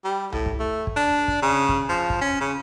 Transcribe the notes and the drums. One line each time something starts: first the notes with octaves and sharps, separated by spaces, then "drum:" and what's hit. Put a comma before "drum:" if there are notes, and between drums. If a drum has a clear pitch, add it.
G3
A2, drum: tom C2
drum: kick
A3
drum: kick
D4
drum: kick
C#3
drum: kick
F3
drum: kick
C#4
C#3